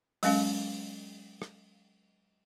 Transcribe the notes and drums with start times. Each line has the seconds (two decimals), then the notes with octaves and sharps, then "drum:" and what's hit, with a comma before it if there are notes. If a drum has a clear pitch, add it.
0.23 F#3 G#3 C#4 F5, drum: open hi-hat
1.42 drum: rim click